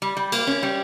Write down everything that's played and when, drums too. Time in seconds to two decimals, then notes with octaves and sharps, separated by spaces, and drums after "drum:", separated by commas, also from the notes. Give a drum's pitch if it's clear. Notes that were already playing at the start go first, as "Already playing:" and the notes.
0.02 G3
0.17 G3
0.32 A#3, drum: cymbal
0.47 C#4
0.63 G3